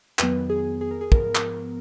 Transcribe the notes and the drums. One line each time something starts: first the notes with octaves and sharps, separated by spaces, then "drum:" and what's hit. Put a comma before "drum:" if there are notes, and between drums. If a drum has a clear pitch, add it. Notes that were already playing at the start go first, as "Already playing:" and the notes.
F2 D#3 F#3 B3 B4, drum: clap
G#4
G#4
A#4
G#4
G#2 F3 B3 A#4, drum: kick
drum: clap